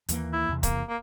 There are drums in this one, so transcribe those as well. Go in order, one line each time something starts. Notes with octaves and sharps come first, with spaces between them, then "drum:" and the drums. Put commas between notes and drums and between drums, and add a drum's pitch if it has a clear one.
D#2 E3 A#3, drum: hi-hat
E4
E2 C3
A#3, drum: kick C#1, hi-hat
A#3